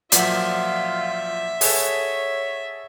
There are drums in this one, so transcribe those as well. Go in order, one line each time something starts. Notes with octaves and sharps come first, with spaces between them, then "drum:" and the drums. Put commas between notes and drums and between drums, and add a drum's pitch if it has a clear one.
A#2 F3 F#3 F4 D5 E5 F#5, drum: hi-hat
G#4 A4 C#5, drum: open hi-hat